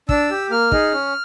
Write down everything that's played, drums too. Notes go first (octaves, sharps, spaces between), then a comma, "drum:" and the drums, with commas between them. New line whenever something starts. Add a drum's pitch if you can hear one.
D4 E6, drum: kick
G4
A#3 F6
D#4 G#4, drum: kick
C#4